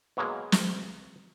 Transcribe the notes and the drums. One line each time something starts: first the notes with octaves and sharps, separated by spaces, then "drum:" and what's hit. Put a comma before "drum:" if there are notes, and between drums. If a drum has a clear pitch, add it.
B2 F#3 G#3 A#3
drum: snare